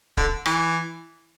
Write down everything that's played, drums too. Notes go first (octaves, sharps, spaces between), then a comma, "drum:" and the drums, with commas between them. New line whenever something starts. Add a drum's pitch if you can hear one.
D3, drum: kick
E3, drum: rim click